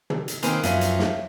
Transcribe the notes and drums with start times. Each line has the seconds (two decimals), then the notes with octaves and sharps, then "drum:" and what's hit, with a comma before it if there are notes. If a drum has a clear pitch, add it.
0.10 drum: tom
0.28 drum: hi-hat
0.43 D#3 A#3 C4 B4 G#5 B5, drum: hi-hat
0.63 F#2 F3 C#5 E5 F5, drum: hi-hat
0.81 drum: hi-hat
0.99 drum: snare